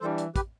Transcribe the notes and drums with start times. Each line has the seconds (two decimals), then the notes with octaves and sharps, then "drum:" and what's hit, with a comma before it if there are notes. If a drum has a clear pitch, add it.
0.01 E3 G3 D4 A4 C5
0.18 drum: hi-hat
0.36 G4 B4, drum: kick, hi-hat